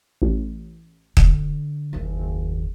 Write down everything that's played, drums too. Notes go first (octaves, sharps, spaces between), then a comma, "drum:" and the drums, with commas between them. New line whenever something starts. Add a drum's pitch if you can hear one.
A1
D3, drum: kick
F#1 D#2